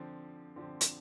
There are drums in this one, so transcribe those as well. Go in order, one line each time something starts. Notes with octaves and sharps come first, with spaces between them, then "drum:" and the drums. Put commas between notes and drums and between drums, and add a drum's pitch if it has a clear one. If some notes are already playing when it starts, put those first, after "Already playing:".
Already playing: D3 F3 C4
D3 F3 C4
drum: hi-hat